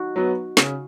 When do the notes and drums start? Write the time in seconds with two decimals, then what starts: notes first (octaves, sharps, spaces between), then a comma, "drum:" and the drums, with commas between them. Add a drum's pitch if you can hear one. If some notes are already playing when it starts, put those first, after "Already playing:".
Already playing: D#4 F#4
0.16 F#3 B3
0.57 C#3, drum: snare